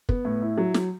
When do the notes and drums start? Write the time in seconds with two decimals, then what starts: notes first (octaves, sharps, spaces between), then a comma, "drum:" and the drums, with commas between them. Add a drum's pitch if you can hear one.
0.09 B3, drum: kick
0.25 A2
0.42 E4
0.58 F#3
0.74 F#3, drum: snare